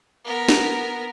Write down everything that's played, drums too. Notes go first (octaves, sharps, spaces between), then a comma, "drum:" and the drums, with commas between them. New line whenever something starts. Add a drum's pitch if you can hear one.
B3 A#4
drum: snare